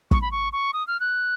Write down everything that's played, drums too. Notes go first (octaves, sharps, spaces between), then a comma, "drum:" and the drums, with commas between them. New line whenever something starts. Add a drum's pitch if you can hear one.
C#6, drum: kick
B5
C#6
C#6
D#6
F6
F#6